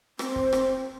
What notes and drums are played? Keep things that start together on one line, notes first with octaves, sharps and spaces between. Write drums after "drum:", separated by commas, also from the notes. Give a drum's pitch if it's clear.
C4, drum: rim click
drum: kick
drum: rim click